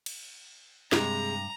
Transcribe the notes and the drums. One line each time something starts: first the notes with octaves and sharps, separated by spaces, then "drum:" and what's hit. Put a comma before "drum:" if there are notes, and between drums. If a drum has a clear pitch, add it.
drum: cymbal
G2 C3 G#3 A#5, drum: snare